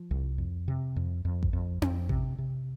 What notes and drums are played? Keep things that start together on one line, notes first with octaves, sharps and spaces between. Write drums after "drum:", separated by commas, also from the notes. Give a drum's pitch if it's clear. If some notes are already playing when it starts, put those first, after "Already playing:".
Already playing: F3
C2
F2
C3
F2
F2
drum: kick A1
F2
F2, drum: tom C4
C3, drum: kick A1
C3